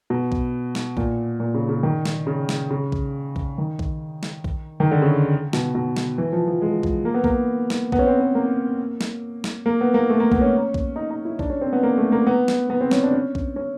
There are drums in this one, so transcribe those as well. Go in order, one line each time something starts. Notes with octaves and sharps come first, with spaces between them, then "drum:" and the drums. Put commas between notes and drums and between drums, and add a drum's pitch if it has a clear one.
B2
drum: kick A#1
drum: snare
A#2, drum: kick A#1
A#2
C#3
C#3
D#3
drum: snare
C#3
drum: snare
C#3
drum: kick A#1
drum: kick A#1
D#3
drum: kick A#1
drum: snare
drum: kick A#1
D#3
D3
C#3
B2, drum: snare
B2
drum: snare
E3
F3
F3
G#3
drum: kick A#1
A#3
B3
A#3, drum: kick A#1
drum: snare
B3, drum: kick A#1
C#4
C4
B3
A#3
drum: snare
drum: snare
A#3
B3
A#3
A3
A#3
B3, drum: kick A#1
C#4
drum: kick A#1
D#4
D#4
E4
D4, drum: kick A#1
C#4
C4
B3
A#3
A3
A#3
B3
drum: snare
B3
C4
C#4, drum: snare
D4
C#4
drum: kick A#1
C#4